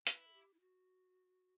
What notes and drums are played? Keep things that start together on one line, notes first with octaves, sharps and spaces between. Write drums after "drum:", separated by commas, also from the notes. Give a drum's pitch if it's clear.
E4 B4, drum: hi-hat
A4
G4
E4
F#4